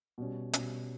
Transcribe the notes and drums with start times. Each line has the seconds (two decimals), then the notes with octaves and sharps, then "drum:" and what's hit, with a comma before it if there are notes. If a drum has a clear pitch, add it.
0.18 B2 G3 C#4
0.53 B2 G3 C#4, drum: hi-hat